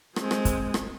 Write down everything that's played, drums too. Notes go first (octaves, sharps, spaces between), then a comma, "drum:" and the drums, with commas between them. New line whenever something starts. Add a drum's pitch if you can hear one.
G#3 C4, drum: rim click
drum: rim click
drum: kick, hi-hat
drum: rim click